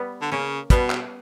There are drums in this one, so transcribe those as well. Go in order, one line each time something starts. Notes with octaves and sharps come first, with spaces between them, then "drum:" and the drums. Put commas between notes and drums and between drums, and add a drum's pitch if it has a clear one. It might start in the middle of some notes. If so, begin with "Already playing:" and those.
Already playing: G3 B3
D3
C#3 A#3 C#4
B2 G3 B3, drum: kick, hi-hat
drum: clap